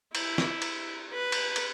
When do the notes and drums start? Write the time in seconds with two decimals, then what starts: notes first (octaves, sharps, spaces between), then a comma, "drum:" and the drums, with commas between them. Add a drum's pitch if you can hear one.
0.15 E4, drum: cymbal
0.38 drum: snare
0.62 drum: cymbal
1.13 B4
1.32 drum: cymbal
1.56 drum: cymbal